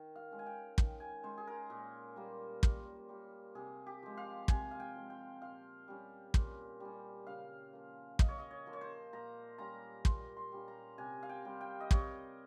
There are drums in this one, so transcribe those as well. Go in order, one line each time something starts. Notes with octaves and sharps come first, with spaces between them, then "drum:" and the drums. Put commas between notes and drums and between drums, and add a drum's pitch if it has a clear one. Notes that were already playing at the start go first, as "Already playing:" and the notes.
Already playing: D#3
F5
G#3 C#4
G#5
G5
D#3, drum: kick
G#5
G#3 C#4 C5
G#4
A#4
A#2
G3 A#3
A#2, drum: kick
G3 A#3
C3 G#4
G4
F3 G#3
F5
C3 G#5, drum: kick
F5
G5
F3 G#3
G5
A#2 F5
G3 C#4
A#2, drum: kick
G3 C#4
C#3 F5
F3 A#3
C#3 D#5, drum: kick
C#5
D#5
C#5
F3 A#3
C#5
C5
A#2 A#5
G3 C#4 F4 A#5
A#2 C6, drum: kick
C6
G3 C#4 F4
A#5
C3 G#5
F5
G5
G3 C4 F4
G5
D#5
C3 C#5, drum: kick